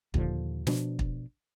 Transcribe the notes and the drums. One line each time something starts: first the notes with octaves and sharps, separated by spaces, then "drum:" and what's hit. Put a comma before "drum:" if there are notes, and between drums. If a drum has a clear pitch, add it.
D#2 A#2 D3 F3, drum: kick
B2 F3 D4, drum: snare
drum: kick